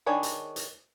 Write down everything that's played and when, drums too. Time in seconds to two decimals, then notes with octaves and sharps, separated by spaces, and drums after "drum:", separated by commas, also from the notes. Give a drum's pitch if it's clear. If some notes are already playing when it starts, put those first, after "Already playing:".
0.06 D#3 D4 G#4 C#5 B5
0.23 drum: hi-hat
0.56 drum: hi-hat